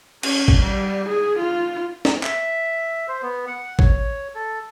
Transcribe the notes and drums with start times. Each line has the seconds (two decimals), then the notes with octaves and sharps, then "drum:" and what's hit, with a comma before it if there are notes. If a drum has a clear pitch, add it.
0.23 C#4, drum: cymbal
0.48 drum: kick
0.61 G3
1.09 G#4
1.39 F4
2.05 drum: snare
2.23 E5, drum: clap
3.08 C5
3.22 B3
3.47 F#5
3.79 C#5, drum: kick
4.35 A4